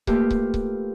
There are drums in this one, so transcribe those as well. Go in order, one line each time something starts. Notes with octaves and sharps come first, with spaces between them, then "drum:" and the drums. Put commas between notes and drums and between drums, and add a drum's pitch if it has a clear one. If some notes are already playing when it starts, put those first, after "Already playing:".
A3 A#3 F4 G4 B4, drum: kick C#1
drum: kick C#1
drum: kick C#1